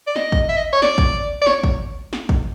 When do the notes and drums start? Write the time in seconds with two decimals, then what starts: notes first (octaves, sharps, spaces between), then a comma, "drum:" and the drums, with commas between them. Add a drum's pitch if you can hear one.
0.07 D5
0.16 D#5, drum: snare
0.32 drum: kick
0.49 E5
0.57 D#5
0.73 C#5
0.82 D5, drum: snare
0.98 drum: kick
1.42 D5
1.47 C#5, drum: snare
1.64 drum: kick
2.13 drum: snare
2.29 drum: kick